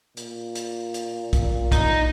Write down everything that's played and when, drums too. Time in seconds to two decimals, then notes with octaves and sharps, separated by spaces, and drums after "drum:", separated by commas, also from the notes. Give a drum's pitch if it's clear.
0.17 A#2, drum: hi-hat
0.55 drum: hi-hat
0.94 drum: hi-hat
1.33 drum: kick, hi-hat
1.72 D#4, drum: kick, hi-hat